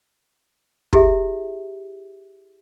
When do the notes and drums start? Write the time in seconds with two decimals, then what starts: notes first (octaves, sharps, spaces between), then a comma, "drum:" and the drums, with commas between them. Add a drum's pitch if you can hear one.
0.93 E4 G4 G#4 E5, drum: kick